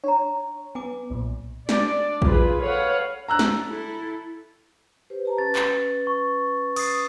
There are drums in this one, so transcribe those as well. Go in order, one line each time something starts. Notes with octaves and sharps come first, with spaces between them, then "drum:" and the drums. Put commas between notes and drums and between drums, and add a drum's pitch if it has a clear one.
D4 C#5 A#5
B3 G#5 D6
B1 A#2
D4 D5, drum: snare
F4 G#4 B4, drum: kick A#1
A4 B4 C#5 F5 F#5
D4 A#5 E6 F#6
drum: snare
E4 A4
G4 B4 C5
G4 A5 A#5
C#4 B4 A6
drum: clap
C#6
D#6 A6 C7, drum: cymbal